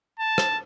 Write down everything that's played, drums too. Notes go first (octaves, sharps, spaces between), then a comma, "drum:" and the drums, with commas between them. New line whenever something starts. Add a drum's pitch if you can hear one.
A5
drum: rim click